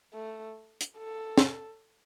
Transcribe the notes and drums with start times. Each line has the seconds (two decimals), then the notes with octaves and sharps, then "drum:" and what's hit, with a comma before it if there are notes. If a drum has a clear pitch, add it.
0.13 A3
0.81 drum: hi-hat
0.98 A4
1.38 drum: snare